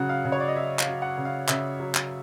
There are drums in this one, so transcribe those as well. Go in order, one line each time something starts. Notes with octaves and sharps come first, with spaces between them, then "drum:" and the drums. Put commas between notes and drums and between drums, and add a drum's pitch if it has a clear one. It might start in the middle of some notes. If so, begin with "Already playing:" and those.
Already playing: C#3 F#3 F#5
F5
C#3
C#5
D5
D#5
F#3 E5
F5, drum: clap
F#3
F#5
C#3
F5
C#3 E5, drum: clap
F#3
drum: clap